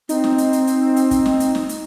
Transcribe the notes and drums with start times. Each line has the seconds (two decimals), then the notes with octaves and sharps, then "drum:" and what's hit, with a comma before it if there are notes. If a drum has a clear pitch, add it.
0.09 C4 D#4, drum: hi-hat
0.24 drum: snare
0.38 drum: hi-hat
0.53 drum: hi-hat
0.67 drum: hi-hat
0.96 drum: hi-hat
1.11 drum: kick, hi-hat
1.26 drum: snare
1.40 drum: hi-hat
1.55 drum: snare
1.69 drum: hi-hat